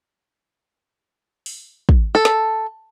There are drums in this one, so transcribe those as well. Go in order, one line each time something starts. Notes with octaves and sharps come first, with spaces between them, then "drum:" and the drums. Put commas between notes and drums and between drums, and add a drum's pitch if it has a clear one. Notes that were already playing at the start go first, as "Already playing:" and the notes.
drum: open hi-hat
drum: kick
A4
drum: snare